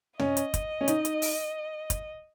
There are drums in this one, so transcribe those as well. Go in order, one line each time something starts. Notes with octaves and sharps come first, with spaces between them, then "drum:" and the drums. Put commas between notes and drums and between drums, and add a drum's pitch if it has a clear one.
C#4 D#5, drum: tom
drum: hi-hat
drum: kick, hi-hat
C#4
D#4, drum: hi-hat
drum: hi-hat
drum: open hi-hat
drum: kick, hi-hat